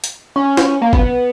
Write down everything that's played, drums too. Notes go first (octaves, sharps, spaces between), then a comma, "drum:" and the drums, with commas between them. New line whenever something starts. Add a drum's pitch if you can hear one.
drum: hi-hat
C#4
drum: snare
A#3
B3, drum: kick G1